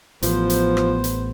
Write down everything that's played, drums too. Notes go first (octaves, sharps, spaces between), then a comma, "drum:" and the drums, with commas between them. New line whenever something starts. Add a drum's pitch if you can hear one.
A1 F3 B3 C5, drum: hi-hat
drum: hi-hat
drum: rim click
drum: hi-hat